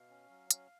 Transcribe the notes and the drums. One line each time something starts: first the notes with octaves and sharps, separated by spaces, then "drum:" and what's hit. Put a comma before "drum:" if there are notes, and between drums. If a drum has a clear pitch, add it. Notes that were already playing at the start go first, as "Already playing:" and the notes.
Already playing: B2 F5
C#4
F#3
C#4, drum: hi-hat